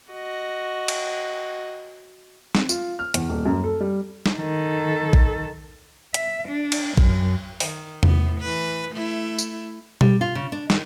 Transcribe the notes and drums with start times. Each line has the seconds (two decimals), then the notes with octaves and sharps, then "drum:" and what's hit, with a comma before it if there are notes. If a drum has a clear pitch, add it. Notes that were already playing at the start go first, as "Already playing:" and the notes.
0.12 F#4 D#5
0.88 drum: cymbal
2.55 C4, drum: snare
2.69 F4, drum: tambourine
2.99 F6
3.14 E2, drum: hi-hat
3.29 D#1
3.46 F#2
3.64 A4
3.80 G3
4.26 drum: snare
4.36 D#3 A4
5.13 drum: kick A#1
6.14 E5, drum: hi-hat
6.48 D4
6.72 drum: cymbal
6.97 F#2, drum: kick A#1
7.60 D#3, drum: open hi-hat
8.03 A2 B3, drum: tom E2
8.40 E3 B4
8.91 A3 E4
9.38 drum: tambourine
10.01 G3, drum: tom B2
10.21 F4
10.35 C#3
10.52 D4
10.70 D#3, drum: snare